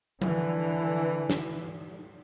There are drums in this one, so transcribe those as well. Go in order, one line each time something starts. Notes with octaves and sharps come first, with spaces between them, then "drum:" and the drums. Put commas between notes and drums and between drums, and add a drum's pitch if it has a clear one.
D3 E3, drum: tom F3
drum: snare